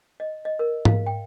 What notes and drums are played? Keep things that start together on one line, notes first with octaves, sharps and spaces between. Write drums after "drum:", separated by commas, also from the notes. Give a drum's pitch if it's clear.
D#5
D#5
A#4
F5, drum: tom G#2
G5